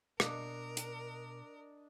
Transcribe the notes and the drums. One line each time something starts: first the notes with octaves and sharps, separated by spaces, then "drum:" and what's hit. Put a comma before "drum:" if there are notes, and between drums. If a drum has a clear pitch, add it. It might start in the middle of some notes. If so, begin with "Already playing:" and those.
B2 D4 A#4 D#5, drum: rim click
drum: hi-hat